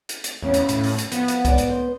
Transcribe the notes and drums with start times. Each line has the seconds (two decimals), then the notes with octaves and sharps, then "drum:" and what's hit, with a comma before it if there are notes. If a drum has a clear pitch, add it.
0.09 drum: hi-hat
0.24 drum: hi-hat
0.42 E2 C#3 B3 C#4
0.54 drum: hi-hat
0.69 A2, drum: hi-hat
0.84 drum: open hi-hat
0.98 drum: hi-hat
1.12 F3 B3, drum: hi-hat
1.28 drum: hi-hat
1.45 E2 G#2 D5, drum: kick, hi-hat
1.58 drum: hi-hat
1.70 C5